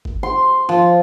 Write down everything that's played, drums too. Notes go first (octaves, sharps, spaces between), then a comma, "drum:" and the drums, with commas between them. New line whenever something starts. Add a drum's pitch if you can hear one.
drum: kick G1
C6
F3